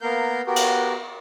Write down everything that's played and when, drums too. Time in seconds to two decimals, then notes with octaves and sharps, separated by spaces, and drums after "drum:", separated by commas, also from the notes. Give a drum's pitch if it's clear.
0.01 A#3 B3 A#4 F5 G6
0.47 B3 F#4 G4 A#4
0.56 drum: cymbal